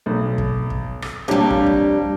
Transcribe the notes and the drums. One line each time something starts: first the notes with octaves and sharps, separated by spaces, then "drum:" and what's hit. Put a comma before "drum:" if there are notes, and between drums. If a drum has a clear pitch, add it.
B1
drum: kick
drum: kick
drum: rim click
F2 G3 A#3 D4 G4 C#5
drum: kick
drum: kick